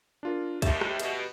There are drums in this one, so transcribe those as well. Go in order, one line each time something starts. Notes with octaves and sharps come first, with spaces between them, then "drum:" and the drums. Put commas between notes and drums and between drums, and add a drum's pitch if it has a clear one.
D4 F4 A#4
D#2 G4 E5 A5, drum: kick, cymbal
drum: rim click
B2, drum: cymbal